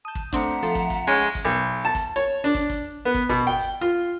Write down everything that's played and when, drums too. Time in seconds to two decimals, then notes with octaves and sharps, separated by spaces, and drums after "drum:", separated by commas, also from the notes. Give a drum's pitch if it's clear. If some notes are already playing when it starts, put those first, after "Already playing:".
0.05 A5 D#6 G6
0.15 drum: kick
0.33 A3 C4 D4 E5 F#5 A#5, drum: kick, hi-hat
0.63 F3 A4 C6, drum: hi-hat
0.75 drum: kick, hi-hat
0.90 drum: kick, hi-hat
1.07 G#3 C#4 C#5 F6
1.20 drum: hi-hat
1.35 drum: kick, hi-hat
1.45 B1
1.85 A5
1.95 drum: kick, hi-hat
2.16 C#5
2.44 D4
2.55 drum: kick, hi-hat
2.70 drum: kick, hi-hat
3.05 B3
3.14 drum: kick, hi-hat
3.29 B2, drum: kick, hi-hat
3.47 G5, drum: tom
3.59 drum: hi-hat
3.81 F4